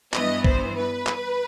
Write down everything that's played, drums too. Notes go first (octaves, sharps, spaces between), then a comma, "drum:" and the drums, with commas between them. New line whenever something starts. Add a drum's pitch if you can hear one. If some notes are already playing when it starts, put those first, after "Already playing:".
G2 E3 B3 D#5, drum: clap
C5, drum: kick A#1
B4
drum: clap